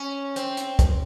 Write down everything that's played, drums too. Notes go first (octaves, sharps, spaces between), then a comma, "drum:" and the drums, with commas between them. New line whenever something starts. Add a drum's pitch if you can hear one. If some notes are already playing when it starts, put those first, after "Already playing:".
Already playing: C#4
C4, drum: hi-hat
drum: hi-hat
drum: kick, hi-hat